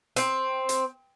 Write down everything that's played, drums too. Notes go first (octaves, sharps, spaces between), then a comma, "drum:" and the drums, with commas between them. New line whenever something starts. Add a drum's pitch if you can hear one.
C4, drum: hi-hat
drum: hi-hat